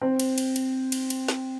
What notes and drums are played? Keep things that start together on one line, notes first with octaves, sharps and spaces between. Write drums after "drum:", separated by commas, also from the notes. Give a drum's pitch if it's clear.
C4
drum: cymbal
drum: cymbal
drum: cymbal
drum: cymbal
drum: cymbal
drum: snare